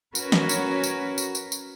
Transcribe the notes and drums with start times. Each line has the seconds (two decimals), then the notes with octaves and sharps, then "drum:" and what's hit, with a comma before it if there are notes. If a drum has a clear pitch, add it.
0.15 C#4 F#4 A#4 B4, drum: tambourine
0.32 drum: snare
0.49 drum: tambourine
0.84 drum: tambourine
1.18 drum: tambourine
1.35 drum: tambourine
1.52 drum: tambourine